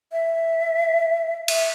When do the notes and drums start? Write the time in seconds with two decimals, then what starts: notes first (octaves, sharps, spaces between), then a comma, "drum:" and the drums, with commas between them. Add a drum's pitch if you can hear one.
0.12 E5
1.48 E5, drum: cymbal